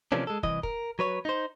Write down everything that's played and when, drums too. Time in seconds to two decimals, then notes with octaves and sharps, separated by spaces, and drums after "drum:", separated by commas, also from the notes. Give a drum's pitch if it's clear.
0.12 C3 E3 F3 A#3 C#4 D4
0.27 G#3 A4
0.43 C2 E3 D#5, drum: kick
0.63 A#4, drum: kick
0.99 F#3 B4 C#5
1.25 D#4 C5